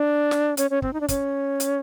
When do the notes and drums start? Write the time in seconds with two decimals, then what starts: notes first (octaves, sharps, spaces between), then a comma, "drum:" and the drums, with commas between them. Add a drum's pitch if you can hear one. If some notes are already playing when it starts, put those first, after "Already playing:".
Already playing: D4
0.31 drum: snare
0.57 C#4, drum: hi-hat
0.70 C#4
0.82 C4, drum: kick
0.93 D#4
1.01 D4
1.09 C#4, drum: kick, hi-hat
1.60 drum: hi-hat